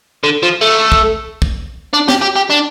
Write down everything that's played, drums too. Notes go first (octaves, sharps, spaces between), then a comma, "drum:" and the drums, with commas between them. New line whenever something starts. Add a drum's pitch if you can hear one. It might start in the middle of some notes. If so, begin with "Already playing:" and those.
D3
F3
A3
drum: kick
drum: kick
D4
G4, drum: snare
G4
G4
D4